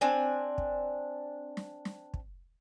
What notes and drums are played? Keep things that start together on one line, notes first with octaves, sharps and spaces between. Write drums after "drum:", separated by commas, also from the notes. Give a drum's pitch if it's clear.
C4 D4 G#5
drum: kick
drum: snare
drum: snare
drum: kick